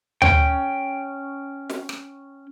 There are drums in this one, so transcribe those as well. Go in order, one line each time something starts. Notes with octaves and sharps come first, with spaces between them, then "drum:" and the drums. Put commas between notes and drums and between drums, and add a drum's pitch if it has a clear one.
C#4 G5, drum: tom
drum: snare
drum: rim click